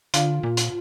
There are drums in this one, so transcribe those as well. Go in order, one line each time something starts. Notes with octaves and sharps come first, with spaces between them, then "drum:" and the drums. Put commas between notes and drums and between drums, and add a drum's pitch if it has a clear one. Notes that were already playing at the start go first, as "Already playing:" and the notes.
D3 F4, drum: hi-hat
A#2
drum: hi-hat